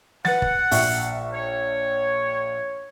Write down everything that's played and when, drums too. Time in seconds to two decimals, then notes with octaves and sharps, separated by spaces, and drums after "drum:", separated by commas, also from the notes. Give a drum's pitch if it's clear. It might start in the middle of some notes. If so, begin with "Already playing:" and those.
0.25 B4 F#5 A6, drum: snare
0.42 drum: kick
0.71 A#1 E5 C#6, drum: open hi-hat
1.34 C#5